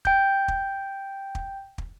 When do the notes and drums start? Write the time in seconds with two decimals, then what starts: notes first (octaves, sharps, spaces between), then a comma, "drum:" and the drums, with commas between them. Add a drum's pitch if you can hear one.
0.05 G5 G6, drum: kick
0.48 drum: kick
1.35 drum: kick
1.78 drum: kick